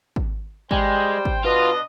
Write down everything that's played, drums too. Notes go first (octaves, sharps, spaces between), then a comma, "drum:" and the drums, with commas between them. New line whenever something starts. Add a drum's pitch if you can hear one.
drum: kick G#1
G3 G#3 C5 G5, drum: kick G#1
drum: kick G#1
B2 B3 D4 F4 D#5